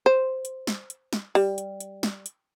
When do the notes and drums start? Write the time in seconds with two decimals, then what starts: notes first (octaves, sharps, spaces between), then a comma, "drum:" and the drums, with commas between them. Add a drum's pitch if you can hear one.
0.06 C5
0.45 drum: hi-hat
0.67 drum: snare
0.90 drum: hi-hat
1.13 drum: snare
1.35 G3, drum: open hi-hat
1.58 drum: hi-hat
1.80 drum: hi-hat
2.03 drum: snare
2.26 drum: hi-hat